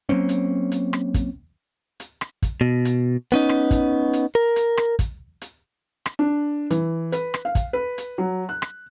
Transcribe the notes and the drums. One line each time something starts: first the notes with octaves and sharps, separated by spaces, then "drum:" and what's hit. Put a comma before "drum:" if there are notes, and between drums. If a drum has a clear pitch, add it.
F#3 A#3 C4 C#4
drum: hi-hat
drum: hi-hat
drum: rim click
drum: kick, hi-hat
drum: hi-hat
drum: rim click
drum: kick, hi-hat
B2
drum: hi-hat
B3 C#4 D#4
drum: rim click
drum: kick, hi-hat
drum: hi-hat
A#4
drum: hi-hat
drum: rim click
drum: kick, hi-hat
drum: hi-hat
drum: rim click
D4
E3, drum: hi-hat
B4, drum: hi-hat
drum: rim click
F5
drum: kick, hi-hat
B4
drum: hi-hat
F#3
F#6
drum: rim click